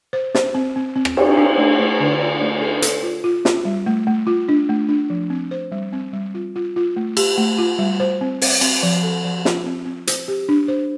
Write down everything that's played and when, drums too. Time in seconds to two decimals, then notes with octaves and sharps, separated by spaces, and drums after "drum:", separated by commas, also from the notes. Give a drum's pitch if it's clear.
0.13 C5
0.35 C5, drum: snare
0.55 C4
0.76 C4
0.96 C4
1.05 drum: rim click
1.17 G4, drum: cymbal
1.37 D4
1.58 A3
1.79 A3
2.00 D3
2.20 F4
2.41 A3
2.61 A4
2.82 A4, drum: hi-hat
3.03 F4
3.24 F4
3.45 F4, drum: snare
3.65 G3
3.86 A3
4.07 A3
4.27 F4
4.49 D4
4.69 A3
4.89 D4
5.10 F3
5.30 C4
5.51 C5
5.72 G3
5.92 C4
6.13 G3
6.34 F4
6.56 F4
6.76 F4
6.96 A3
7.17 G4, drum: cymbal
7.38 A3
7.58 F4
7.79 G3
8.00 C5
8.21 C4
8.42 C4, drum: open hi-hat
8.61 C4, drum: cymbal
8.83 F3
9.03 A4
9.25 F3
9.45 F4, drum: snare
9.66 C4
9.86 C4
10.07 C5, drum: hi-hat
10.28 G4
10.49 D4
10.68 C5